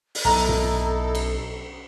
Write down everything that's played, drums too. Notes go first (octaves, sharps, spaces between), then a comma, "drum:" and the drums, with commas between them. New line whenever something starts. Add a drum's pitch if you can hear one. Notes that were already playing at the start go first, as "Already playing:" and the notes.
drum: open hi-hat
B1 D#4 E4 A4 A#5
drum: tom
drum: cymbal